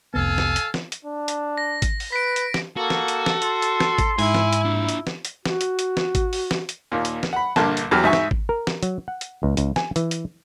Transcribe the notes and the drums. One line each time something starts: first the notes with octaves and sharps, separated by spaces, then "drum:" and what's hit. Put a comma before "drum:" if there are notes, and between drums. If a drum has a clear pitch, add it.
F1 C2 B3 A4 F5 G#5
drum: snare
drum: hi-hat
drum: snare
drum: hi-hat
D4
drum: hi-hat
A#6
drum: kick G#1, hi-hat
drum: open hi-hat
B4 B6 D7
drum: hi-hat
drum: snare
A#3 F#4 A4
drum: snare
drum: hi-hat
drum: snare
C6, drum: hi-hat
drum: hi-hat
drum: snare
drum: kick G#1, hi-hat
G#2 E4 G#5, drum: open hi-hat
drum: snare
drum: hi-hat
D4 F4
drum: hi-hat
drum: snare
drum: hi-hat
F#4, drum: snare
drum: hi-hat
drum: hi-hat
drum: snare
drum: kick G#1, hi-hat
drum: open hi-hat
drum: snare
drum: hi-hat
D#2 A#2
drum: hi-hat
drum: snare
F#5 B5
A#1 G2 D3 A#3 A5, drum: snare
drum: hi-hat
E2 F#3 G4 F6
G#2 E5 G#5 C#6
drum: snare
drum: kick G#1
A#4
drum: snare
F#3, drum: hi-hat
F#5
drum: hi-hat
C#2
C#2, drum: hi-hat
G#5, drum: snare
E3, drum: hi-hat
drum: hi-hat